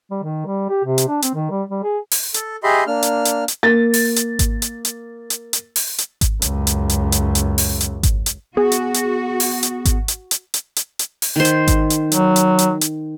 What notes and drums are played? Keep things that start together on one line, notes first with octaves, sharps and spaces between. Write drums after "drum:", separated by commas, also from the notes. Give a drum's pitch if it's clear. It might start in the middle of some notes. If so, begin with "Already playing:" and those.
G3
D#3
G3
G4
C3
drum: hi-hat
D4
C4, drum: hi-hat
D#3
G3
G3
G#4
drum: open hi-hat
A4, drum: hi-hat
G4 G#4 D#5 E5 B5 C6
A#3 D4 F6
drum: hi-hat
drum: hi-hat
drum: hi-hat
A#3 A6
drum: open hi-hat
drum: hi-hat
drum: kick G#1, hi-hat
drum: hi-hat
drum: hi-hat
drum: hi-hat
drum: hi-hat
drum: open hi-hat
drum: hi-hat
drum: kick G#1, hi-hat
C#2 F#2, drum: hi-hat
drum: hi-hat
drum: hi-hat
drum: hi-hat
drum: hi-hat
drum: open hi-hat
drum: hi-hat
drum: kick G#1, hi-hat
drum: hi-hat
B3 F#4 G#4
drum: hi-hat
drum: hi-hat
drum: open hi-hat
drum: hi-hat
drum: kick G#1, hi-hat
drum: hi-hat
drum: hi-hat
drum: hi-hat
drum: hi-hat
drum: hi-hat
drum: open hi-hat
D#3 C5
drum: hi-hat
drum: kick G#1, hi-hat
drum: hi-hat
F#3, drum: hi-hat
drum: hi-hat
drum: hi-hat
drum: hi-hat